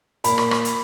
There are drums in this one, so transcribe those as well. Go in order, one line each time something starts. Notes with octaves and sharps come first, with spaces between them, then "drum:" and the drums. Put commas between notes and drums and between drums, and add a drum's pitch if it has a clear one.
A#2 B5, drum: hi-hat
drum: rim click
drum: rim click
drum: hi-hat